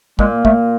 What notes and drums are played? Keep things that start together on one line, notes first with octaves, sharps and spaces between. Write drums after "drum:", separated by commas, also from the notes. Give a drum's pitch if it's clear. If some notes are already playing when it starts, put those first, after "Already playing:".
A#2 G#3, drum: kick
A3, drum: kick